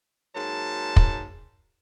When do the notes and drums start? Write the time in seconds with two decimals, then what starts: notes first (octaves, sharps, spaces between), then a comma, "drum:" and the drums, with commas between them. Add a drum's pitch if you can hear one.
0.35 G#2 F#3 A#3 A5
0.96 drum: kick